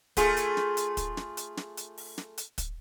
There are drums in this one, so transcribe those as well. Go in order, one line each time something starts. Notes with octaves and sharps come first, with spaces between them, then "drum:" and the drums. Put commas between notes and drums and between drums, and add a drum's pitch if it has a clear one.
A3 F4 G#4, drum: kick, hi-hat
drum: hi-hat
drum: snare
drum: hi-hat
drum: kick, hi-hat
drum: snare
drum: hi-hat
drum: snare
drum: hi-hat
drum: open hi-hat
drum: snare
drum: hi-hat
drum: kick, hi-hat